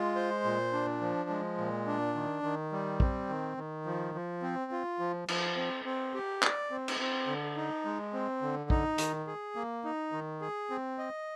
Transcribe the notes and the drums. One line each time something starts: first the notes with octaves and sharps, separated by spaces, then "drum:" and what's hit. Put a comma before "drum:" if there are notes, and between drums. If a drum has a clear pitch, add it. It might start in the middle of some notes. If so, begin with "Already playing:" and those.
Already playing: G#3 F4
C5
A#2
D4
F3
G#3
A#2
D4
D#3
D#3
G3
C4, drum: kick
D#3
D#3
F3
F3
C4
F4
F3
F3, drum: cymbal
C4
C4
G4
D5, drum: clap
C4
drum: cymbal
C4
D3
D#4
G#3
C4
D3
D#4, drum: kick
D#3, drum: hi-hat
G#4
A#3
D#4
D#3
G#4
C4
D#5